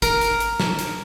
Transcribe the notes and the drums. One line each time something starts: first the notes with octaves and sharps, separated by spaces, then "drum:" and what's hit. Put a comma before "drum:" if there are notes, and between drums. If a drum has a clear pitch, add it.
A#4, drum: kick G#1, hi-hat
drum: hi-hat
drum: hi-hat
drum: snare
drum: hi-hat